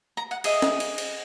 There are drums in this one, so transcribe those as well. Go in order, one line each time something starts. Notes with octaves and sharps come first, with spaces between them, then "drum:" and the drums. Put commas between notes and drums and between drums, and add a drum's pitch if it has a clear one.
A#5
F#5
G#4 D#5 E5, drum: cymbal
drum: snare
drum: cymbal
drum: cymbal